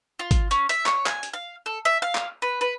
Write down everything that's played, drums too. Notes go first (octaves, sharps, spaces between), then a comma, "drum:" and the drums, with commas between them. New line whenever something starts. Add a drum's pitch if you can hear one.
F4
drum: kick, hi-hat
C#4, drum: hi-hat
E5, drum: hi-hat
C#5, drum: clap
G#5, drum: clap
drum: hi-hat
F5
A4
E5
F5
drum: clap
B4
B4